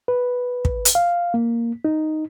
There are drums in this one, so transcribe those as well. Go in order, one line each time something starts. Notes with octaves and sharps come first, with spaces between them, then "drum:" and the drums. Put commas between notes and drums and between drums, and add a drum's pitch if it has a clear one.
B4
drum: kick
drum: hi-hat
F5
A#3
D#4